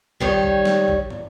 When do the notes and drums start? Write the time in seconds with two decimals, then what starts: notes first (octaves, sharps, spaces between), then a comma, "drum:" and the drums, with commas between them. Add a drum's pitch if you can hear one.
0.20 D#3 G3 C#5, drum: kick
0.43 drum: kick
0.65 drum: snare
0.88 drum: kick
1.10 drum: tom